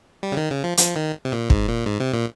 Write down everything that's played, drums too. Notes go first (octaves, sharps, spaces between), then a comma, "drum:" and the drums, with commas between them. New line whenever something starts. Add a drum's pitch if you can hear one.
G3
C#3
D#3
C#3
F3
F3, drum: hi-hat
D#3
C3
A#2
G#2, drum: kick
A#2
G#2
C3
A#2